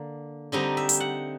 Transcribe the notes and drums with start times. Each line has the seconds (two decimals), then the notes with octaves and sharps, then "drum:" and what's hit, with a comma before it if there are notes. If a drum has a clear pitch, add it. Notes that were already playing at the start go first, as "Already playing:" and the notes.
Already playing: D3 A#3
0.52 D3 G3 C4 D#4 D#5
0.77 E5
0.89 drum: hi-hat
1.00 F#5